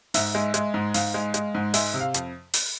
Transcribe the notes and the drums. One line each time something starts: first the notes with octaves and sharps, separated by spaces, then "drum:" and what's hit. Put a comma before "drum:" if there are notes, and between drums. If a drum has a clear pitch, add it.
G#2 E5, drum: open hi-hat
G#3
G#3, drum: hi-hat
G#2
G#2 F5, drum: open hi-hat
G#3
G#3, drum: hi-hat
G#2
G#3 E5, drum: open hi-hat
C3
F5
F2, drum: hi-hat
drum: open hi-hat